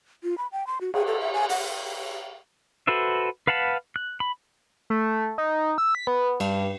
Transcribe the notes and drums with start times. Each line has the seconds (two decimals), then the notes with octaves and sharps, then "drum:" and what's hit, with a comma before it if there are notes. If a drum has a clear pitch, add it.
0.23 F4
0.38 B5
0.52 G5
0.67 C6
0.81 F#4
0.94 G#4, drum: cymbal
1.07 A4
1.20 E5
1.34 G#5
1.49 F#5, drum: open hi-hat
2.87 F#4 A4 B4 C5 E5
3.47 B4 F5 F#5 A5 B5
3.96 F#6
4.20 B5
4.90 A3
5.38 D#4
5.78 E6
5.95 B6
6.07 B3
6.40 G2, drum: cymbal